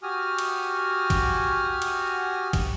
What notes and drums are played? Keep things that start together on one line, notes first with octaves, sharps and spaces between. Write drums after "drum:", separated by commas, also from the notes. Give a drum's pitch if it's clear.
F#4 G4 G#5 D#6 F6
drum: cymbal
drum: kick, cymbal
drum: cymbal
drum: kick, cymbal